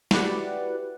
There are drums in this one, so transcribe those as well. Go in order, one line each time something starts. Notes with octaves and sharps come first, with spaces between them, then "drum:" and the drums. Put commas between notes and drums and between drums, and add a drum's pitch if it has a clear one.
E4 F#4 G4 B4 D5 F#5, drum: snare